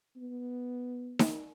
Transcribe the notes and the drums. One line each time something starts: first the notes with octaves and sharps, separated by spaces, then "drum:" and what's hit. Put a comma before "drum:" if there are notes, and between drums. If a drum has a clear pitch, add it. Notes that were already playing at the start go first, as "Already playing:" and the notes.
B3
drum: snare D#4